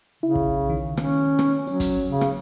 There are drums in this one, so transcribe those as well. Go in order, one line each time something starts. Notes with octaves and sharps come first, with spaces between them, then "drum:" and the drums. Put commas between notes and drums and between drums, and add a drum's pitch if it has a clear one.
C#3 E4
drum: kick
B1
D#3
C#4, drum: rim click
drum: rim click
F#3 C#4
drum: kick, hi-hat
C#3
drum: rim click